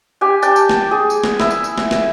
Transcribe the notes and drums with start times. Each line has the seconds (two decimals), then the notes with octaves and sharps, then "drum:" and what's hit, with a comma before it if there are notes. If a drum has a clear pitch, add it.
0.21 G4 G#5
0.42 G5 A5, drum: tambourine
0.56 drum: tambourine
0.69 drum: snare
0.91 G#4
1.10 drum: tambourine
1.24 drum: snare
1.40 E4, drum: snare
1.51 drum: tambourine
1.64 drum: tambourine
1.78 drum: snare
1.91 drum: snare